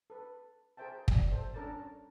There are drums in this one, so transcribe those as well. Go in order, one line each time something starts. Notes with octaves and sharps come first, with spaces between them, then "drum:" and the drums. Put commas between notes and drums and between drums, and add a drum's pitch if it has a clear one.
A4 B4
G#4 A#4 C5 E5 G5 A5
G3, drum: kick
A4 C5 E5
C#4 D4 A4 A#4 D5 A5